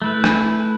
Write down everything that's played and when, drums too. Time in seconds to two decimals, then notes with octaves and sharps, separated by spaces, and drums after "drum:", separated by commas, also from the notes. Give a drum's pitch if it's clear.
0.02 A3 E4 B4
0.24 drum: rim click